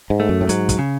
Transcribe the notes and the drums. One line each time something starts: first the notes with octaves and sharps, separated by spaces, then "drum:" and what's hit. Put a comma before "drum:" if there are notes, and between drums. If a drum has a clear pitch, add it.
G#2
A3
F#2
A2
G#2 F#3, drum: hi-hat
drum: kick, hi-hat
C#3